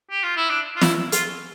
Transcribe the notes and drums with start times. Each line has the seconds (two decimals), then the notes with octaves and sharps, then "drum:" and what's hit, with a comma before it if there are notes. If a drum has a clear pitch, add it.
0.11 G4
0.23 F4
0.36 E4
0.50 D4
0.76 F4
0.82 E4, drum: snare
1.12 F4, drum: hi-hat